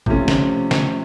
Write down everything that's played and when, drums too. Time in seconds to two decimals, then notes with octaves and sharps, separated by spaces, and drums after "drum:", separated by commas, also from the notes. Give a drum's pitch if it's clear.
0.06 C3 F3 A3 C#4 F4, drum: kick
0.28 drum: snare
0.71 drum: snare